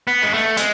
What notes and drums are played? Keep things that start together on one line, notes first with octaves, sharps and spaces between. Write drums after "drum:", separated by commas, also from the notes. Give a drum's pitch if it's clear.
B3
G#3
A3
G#3, drum: hi-hat